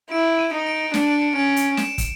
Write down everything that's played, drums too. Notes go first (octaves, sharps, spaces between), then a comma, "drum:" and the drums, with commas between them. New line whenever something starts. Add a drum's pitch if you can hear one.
E4 D7
D#7
D#4
D7
D4 C#7, drum: snare
D7
C#7
C#4 D7
drum: hi-hat
E7, drum: snare
drum: kick, hi-hat